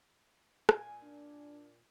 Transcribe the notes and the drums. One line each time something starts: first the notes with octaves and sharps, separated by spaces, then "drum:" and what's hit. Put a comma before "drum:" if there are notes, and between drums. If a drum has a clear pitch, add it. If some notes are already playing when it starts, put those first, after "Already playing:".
A#2 G#5, drum: rim click
D4